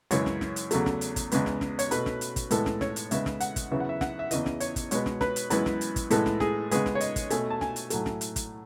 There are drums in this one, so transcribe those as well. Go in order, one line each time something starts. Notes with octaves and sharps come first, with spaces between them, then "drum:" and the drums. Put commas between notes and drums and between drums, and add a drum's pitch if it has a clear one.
F#2 C#3 E3 G#3 C#5, drum: hi-hat
drum: snare
drum: snare
drum: hi-hat
E2 C#3 F#3 A3, drum: hi-hat
drum: snare
drum: hi-hat
drum: kick, hi-hat
E2 C#3 G#3 B3, drum: hi-hat
drum: snare
drum: snare
C#5, drum: hi-hat
B2 A3 B4, drum: hi-hat
drum: snare
drum: hi-hat
drum: kick, hi-hat
A2 E3 G#3 B3 A4, drum: hi-hat
drum: snare
C#5, drum: snare
drum: hi-hat
C#3 G#3 B3 E5, drum: hi-hat
drum: snare
F#5, drum: hi-hat
drum: kick, hi-hat
F#2 C#3 E3 B3 E5
F#5
E5
F#5, drum: snare
E5
E2 C#3 E3 D#5, drum: hi-hat
drum: snare
C#5, drum: hi-hat
drum: kick, hi-hat
B2 G#3 B3 C#5, drum: hi-hat
drum: snare
B4, drum: snare
drum: hi-hat
F#2 E3 G#3 B3 B4, drum: hi-hat
drum: snare
drum: hi-hat
drum: kick, hi-hat
A2 E3 G#3 B3 A4, drum: hi-hat
drum: snare
G#4, drum: snare
C#3 G#3 B3 G#4, drum: hi-hat
drum: snare
C#5
D#5, drum: hi-hat
drum: kick, hi-hat
B2 A3 G#5, drum: hi-hat
A5
G#5, drum: snare
drum: hi-hat
A2 F#3 A3, drum: hi-hat
drum: snare
drum: hi-hat
drum: kick, hi-hat